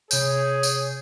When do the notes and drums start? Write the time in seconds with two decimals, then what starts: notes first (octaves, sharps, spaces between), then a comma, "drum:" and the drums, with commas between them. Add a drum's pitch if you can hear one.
0.11 C3 G#4 C#5 G6, drum: tambourine
0.63 drum: tambourine